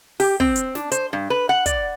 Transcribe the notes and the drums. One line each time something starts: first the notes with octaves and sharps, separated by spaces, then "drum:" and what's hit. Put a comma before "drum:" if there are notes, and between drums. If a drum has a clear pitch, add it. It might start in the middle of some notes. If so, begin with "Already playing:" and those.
G4, drum: open hi-hat
C4, drum: kick
drum: hi-hat
D4, drum: snare
C5, drum: hi-hat
G2
B4
F#5
D5, drum: kick, hi-hat